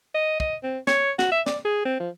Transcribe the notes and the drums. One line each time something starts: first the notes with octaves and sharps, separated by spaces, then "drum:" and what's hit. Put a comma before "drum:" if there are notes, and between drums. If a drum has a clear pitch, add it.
D#5
D#5, drum: kick
C4
C#5, drum: snare
F#4, drum: snare
E5
D5, drum: snare
G#4
C4
F3